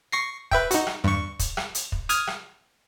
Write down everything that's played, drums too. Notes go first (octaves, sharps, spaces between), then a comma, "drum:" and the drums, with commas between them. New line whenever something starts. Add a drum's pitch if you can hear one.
C#6 A#6 C7
B4 E5 G5, drum: kick
D#4 F#4, drum: hi-hat
drum: rim click
G2 C#6, drum: tom E2
drum: kick, hi-hat
drum: rim click
drum: hi-hat
drum: kick
D#6 F6 G#6, drum: hi-hat
drum: rim click